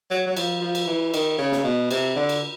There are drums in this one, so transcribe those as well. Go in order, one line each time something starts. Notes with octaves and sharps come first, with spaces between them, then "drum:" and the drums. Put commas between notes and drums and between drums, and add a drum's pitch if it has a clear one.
F#3
F#3
F3, drum: cymbal
F3
drum: cymbal
E3
D#3, drum: cymbal
C#3
drum: snare
B2
C3, drum: cymbal
D3
drum: cymbal